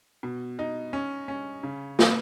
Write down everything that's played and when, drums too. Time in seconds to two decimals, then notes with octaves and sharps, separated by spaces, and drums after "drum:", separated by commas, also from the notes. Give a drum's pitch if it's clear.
0.23 B2
0.59 D#4
0.93 C#4
1.28 C#4
1.63 C#3
1.99 B3, drum: snare